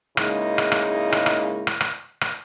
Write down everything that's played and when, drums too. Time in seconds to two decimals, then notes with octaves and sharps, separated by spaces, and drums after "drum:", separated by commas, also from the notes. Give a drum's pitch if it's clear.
0.17 G#2 C#3 G#3 A#3 D#4 E4, drum: rim click
0.58 drum: rim click
0.72 drum: rim click
1.12 drum: rim click
1.26 drum: rim click
1.67 drum: rim click
1.81 drum: rim click
2.21 drum: rim click